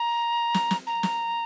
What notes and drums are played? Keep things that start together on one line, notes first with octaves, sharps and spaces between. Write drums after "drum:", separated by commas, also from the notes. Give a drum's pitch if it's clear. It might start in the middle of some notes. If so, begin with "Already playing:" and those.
Already playing: A#5
drum: snare
drum: snare
A#5
drum: snare